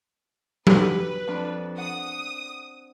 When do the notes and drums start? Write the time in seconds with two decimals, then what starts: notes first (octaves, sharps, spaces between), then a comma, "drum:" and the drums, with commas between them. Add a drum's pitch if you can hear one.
0.67 F#4 G4 B4, drum: tom F#3
1.27 F2 F3 D4
1.78 F#5 D#6